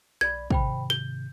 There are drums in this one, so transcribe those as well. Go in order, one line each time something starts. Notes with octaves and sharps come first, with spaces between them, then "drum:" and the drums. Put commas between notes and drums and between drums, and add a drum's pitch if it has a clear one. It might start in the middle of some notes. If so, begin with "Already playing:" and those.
B1 D5 B5 G#6
G#2 C3 D#3 C5 G5 B5, drum: kick
G6 G7